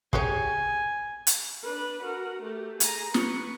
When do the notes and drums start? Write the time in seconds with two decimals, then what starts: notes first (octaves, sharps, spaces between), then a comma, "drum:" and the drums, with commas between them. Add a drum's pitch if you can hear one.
0.13 G#3 G4 C#5 G#5, drum: kick
1.27 drum: hi-hat
1.63 D4 B4
2.03 F#4 A#4
2.42 A3 G4
2.80 G#4 A#5, drum: hi-hat
3.14 B4 C#6, drum: snare